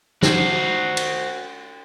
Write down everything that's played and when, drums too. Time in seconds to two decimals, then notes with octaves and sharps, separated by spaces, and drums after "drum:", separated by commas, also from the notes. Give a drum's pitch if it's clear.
0.23 F#4 C5, drum: snare
0.97 drum: cymbal